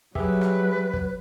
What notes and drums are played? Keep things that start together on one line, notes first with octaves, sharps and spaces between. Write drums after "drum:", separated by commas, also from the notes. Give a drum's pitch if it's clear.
F#3 G3 G4 G#4 B4 E5, drum: kick
drum: rim click
drum: kick